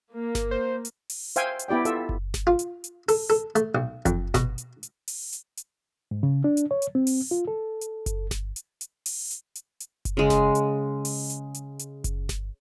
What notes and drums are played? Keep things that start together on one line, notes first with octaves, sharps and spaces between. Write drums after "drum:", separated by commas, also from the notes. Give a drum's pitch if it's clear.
A#3
drum: snare G1
C5
drum: hi-hat
drum: open hi-hat
C5 E5 F5 G5 G#5, drum: hi-hat
drum: hi-hat
B3 E4 G4 D5 G5
F4 A4 E5, drum: hi-hat
drum: kick F#1
drum: snare G1
F4
drum: hi-hat
drum: hi-hat
A4, drum: open hi-hat
A4
A3, drum: hi-hat
B1
F2, drum: kick F#1, hi-hat
B2, drum: snare G1
drum: hi-hat
drum: hi-hat
drum: open hi-hat
drum: hi-hat
drum: hi-hat
G#2
C#3
D4
drum: hi-hat
C#5
drum: hi-hat
C4
drum: open hi-hat
F4
A4
drum: hi-hat
drum: kick F#1, hi-hat
drum: snare G1
drum: hi-hat
drum: hi-hat
drum: open hi-hat
drum: hi-hat
drum: hi-hat
drum: hi-hat
drum: kick F#1, hi-hat
C#3 G#3
drum: snare G1
drum: hi-hat
drum: open hi-hat
drum: hi-hat
drum: hi-hat
drum: hi-hat
drum: kick F#1, hi-hat
drum: snare G1